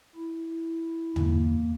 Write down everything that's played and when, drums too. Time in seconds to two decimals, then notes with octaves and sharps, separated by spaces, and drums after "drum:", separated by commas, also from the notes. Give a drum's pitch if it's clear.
0.15 E4
1.16 E2 D3 A#3, drum: tom